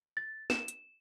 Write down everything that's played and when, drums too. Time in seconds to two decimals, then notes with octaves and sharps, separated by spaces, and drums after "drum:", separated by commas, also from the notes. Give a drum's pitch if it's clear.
0.17 A6
0.50 E7, drum: snare
0.68 drum: hi-hat